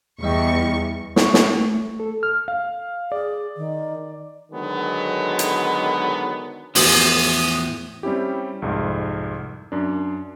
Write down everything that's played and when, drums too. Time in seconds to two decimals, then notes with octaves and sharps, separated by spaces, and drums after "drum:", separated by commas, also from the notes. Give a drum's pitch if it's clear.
0.23 E2 G3 D#5 G5 C#6
1.16 C#6, drum: snare
1.34 drum: snare
1.56 A3
2.00 A4
2.23 F6
2.48 F5
3.12 G#4 D5
3.57 D#3
4.51 D3 D#3 F#3 G#3 B3
5.39 drum: hi-hat
6.75 E2 A2 F3 D#6, drum: open hi-hat
8.03 G3 C4 C#4 E4 G4
8.62 C2 F2 G#2
9.72 F#2 D4